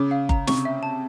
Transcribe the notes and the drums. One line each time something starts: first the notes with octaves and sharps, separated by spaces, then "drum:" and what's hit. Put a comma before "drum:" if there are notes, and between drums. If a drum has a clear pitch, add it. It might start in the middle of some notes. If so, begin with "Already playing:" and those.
Already playing: C#3 D6
F5
A#5, drum: kick F#1
C3 C#6, drum: snare
E5
A5